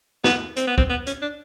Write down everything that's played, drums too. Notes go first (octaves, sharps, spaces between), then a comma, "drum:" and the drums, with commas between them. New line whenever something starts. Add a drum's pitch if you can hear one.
B3, drum: snare
C4, drum: hi-hat
B3
C4, drum: kick
B3
C#4, drum: hi-hat
D4